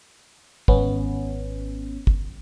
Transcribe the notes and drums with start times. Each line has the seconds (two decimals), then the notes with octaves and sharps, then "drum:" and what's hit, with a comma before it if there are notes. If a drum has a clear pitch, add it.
0.68 G#1 B3 C#4, drum: kick
2.07 drum: kick